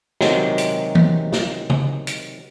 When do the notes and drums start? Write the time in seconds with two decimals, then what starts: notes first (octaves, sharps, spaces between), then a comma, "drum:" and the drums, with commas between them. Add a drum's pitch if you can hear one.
0.21 C3 D#3 F#3 G#3, drum: snare
0.58 drum: hi-hat
0.95 drum: tom
1.32 drum: snare
1.70 drum: tom
2.07 drum: hi-hat